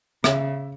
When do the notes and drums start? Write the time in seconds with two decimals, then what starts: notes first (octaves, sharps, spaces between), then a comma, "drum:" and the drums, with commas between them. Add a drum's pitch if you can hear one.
0.24 C#3 E5, drum: rim click